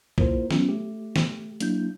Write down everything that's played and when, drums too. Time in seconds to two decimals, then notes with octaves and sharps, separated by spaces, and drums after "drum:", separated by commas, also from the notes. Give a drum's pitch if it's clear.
0.18 A#3 E4 F4 A#4 C5, drum: kick
0.51 F#3 B3 C#4 F4, drum: snare
0.69 A3 G4
1.16 drum: snare
1.60 F#3 A#3 D4 E4 G6, drum: hi-hat